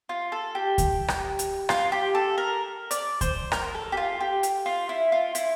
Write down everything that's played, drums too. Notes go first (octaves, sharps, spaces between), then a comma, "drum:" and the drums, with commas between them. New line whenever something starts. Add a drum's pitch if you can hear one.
F4
A4
G4
drum: kick D2, hi-hat
drum: rim click
drum: hi-hat
F4, drum: rim click
G4
A4
A#4
D5, drum: hi-hat
C5, drum: kick D2, hi-hat
A#4, drum: rim click
A4
G4
F4
G4
drum: hi-hat
F4
E4
F4
E4, drum: hi-hat